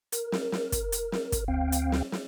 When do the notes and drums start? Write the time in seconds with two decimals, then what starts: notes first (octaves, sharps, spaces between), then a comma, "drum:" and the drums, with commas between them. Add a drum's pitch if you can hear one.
0.12 A#4, drum: hi-hat
0.32 drum: snare
0.52 drum: snare
0.72 drum: kick, hi-hat
0.92 drum: hi-hat
1.12 drum: snare
1.32 drum: kick, hi-hat
1.48 D2 C4 F5 G5
1.72 drum: hi-hat
1.92 drum: snare
2.12 drum: snare